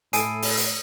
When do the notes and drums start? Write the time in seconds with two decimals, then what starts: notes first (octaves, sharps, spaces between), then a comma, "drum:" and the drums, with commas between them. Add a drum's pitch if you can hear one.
0.13 A2 E4 A4 G#5 D#6 C7 D7 D#7, drum: hi-hat
0.42 drum: open hi-hat
0.57 drum: hi-hat